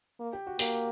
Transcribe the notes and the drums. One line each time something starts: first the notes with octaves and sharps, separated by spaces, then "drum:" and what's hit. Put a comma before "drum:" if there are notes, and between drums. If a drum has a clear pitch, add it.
A#3
G4
F#4
A#3 G4, drum: open hi-hat